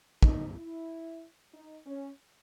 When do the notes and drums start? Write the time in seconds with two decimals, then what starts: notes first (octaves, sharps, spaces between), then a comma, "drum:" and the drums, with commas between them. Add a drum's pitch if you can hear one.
0.23 D#4, drum: kick
0.55 E4
1.54 D#4
1.86 C#4